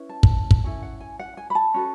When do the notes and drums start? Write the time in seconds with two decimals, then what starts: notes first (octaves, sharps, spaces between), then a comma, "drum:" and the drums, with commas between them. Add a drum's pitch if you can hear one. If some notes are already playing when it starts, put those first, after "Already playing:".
Already playing: C#4 E4 B4
0.09 A5
0.23 drum: kick
0.51 drum: kick
0.64 C#4 E4 A4 G#5
0.83 F#5
1.00 G#5
1.19 F#5
1.37 G#5
1.50 B5
1.55 A5
1.74 C#4 F#4 A4